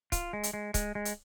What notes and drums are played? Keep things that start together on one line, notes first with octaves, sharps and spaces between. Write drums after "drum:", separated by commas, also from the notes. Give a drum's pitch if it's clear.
F4, drum: kick C#1, hi-hat
G#3
drum: hi-hat
G#3
G#3, drum: kick C#1, hi-hat
G#3
drum: hi-hat